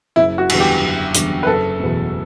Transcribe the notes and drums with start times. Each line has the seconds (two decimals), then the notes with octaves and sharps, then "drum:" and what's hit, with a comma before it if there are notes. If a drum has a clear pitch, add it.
0.16 F#1 E4
0.38 F#4
0.49 E2 D3 G3, drum: cymbal
0.60 G4
0.82 F#1
1.15 E2 D3 G3, drum: hi-hat
1.43 B4
1.47 F#1 A4
1.80 E2 B2 A3